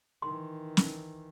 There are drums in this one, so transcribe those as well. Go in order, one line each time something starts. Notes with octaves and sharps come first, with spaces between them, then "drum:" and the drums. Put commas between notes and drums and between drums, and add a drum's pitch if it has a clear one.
D#3 E3 C6
drum: snare